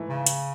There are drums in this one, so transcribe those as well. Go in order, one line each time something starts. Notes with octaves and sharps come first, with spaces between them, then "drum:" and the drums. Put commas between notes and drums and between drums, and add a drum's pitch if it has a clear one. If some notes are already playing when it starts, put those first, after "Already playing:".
Already playing: G#2 E3 A3
C#3
drum: hi-hat